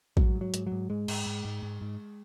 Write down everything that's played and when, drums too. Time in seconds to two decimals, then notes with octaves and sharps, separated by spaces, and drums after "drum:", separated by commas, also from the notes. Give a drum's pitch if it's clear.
0.17 G#2 F#3, drum: kick A1
0.35 G#2
0.41 F#3
0.54 G#2, drum: hi-hat
0.67 F#3
0.72 G#2
0.90 G#2 G#3
1.08 G#2, drum: cymbal
1.27 G#2
1.45 G#2
1.63 G#2
1.82 G#2